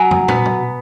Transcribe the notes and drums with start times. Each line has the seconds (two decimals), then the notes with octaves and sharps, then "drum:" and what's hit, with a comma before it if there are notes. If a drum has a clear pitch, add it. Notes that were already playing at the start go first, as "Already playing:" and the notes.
Already playing: F#3 G#5
0.11 drum: tom
0.28 B3, drum: tom
0.45 drum: tom B2